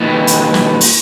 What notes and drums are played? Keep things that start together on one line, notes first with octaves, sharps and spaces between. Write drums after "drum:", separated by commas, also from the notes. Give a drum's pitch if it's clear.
D#2 B2
drum: hi-hat
drum: snare
drum: open hi-hat